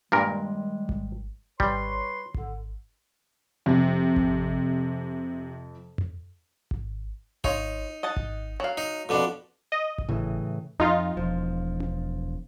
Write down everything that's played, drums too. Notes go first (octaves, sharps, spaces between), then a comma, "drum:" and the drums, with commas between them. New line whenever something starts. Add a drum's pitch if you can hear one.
G2 A#2 D#3 G3 G#3 A#4
drum: kick G#1
G3 B4 C#5 C6, drum: kick G#1
D3, drum: kick G#1
F2 C3
drum: kick G#1
drum: tom F2
drum: kick G#1
D#4 F4 C#5, drum: kick G#1
D#5 F#5 A5
drum: kick G#1
F#3 F5
D#4
F2 B2 D4
D#5
drum: kick G#1
A2 C#3 E3
F2 D#4 F4
E1 F3
drum: tom C#4